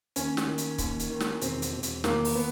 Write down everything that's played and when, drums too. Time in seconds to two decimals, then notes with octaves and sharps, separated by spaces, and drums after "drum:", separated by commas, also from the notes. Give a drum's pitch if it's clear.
0.16 D#2 C#4, drum: hi-hat
0.37 drum: snare
0.47 D#3
0.58 drum: hi-hat
0.78 D#2, drum: kick C#1, hi-hat
1.00 drum: hi-hat
1.10 D#3
1.20 drum: snare
1.42 E1 C4, drum: hi-hat
1.62 drum: hi-hat
1.73 E1
1.83 drum: hi-hat
2.04 D#2 A#3, drum: snare
2.25 drum: open hi-hat
2.35 B3